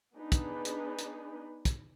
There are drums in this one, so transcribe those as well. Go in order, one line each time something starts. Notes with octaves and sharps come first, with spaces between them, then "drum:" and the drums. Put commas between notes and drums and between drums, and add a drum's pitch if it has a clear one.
B3 D4 D#4 G#4 B4
drum: kick, hi-hat
drum: hi-hat
drum: hi-hat
drum: kick, hi-hat